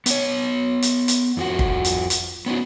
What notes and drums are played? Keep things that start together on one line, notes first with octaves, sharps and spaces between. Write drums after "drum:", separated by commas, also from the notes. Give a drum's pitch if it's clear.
B3 C#5, drum: hi-hat
drum: hi-hat
drum: hi-hat
F2 F3 F#4
drum: kick
drum: hi-hat
drum: hi-hat
B3 C#4 D#4 F#4